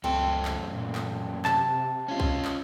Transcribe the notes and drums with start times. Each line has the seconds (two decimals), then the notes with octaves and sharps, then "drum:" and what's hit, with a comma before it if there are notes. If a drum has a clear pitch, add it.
0.04 C#2 F#2 A3 C4 A4
0.45 drum: clap
0.75 A#2
0.95 drum: clap
1.45 C3 A5, drum: clap
2.08 C#4 F4
2.20 drum: kick C2
2.45 drum: clap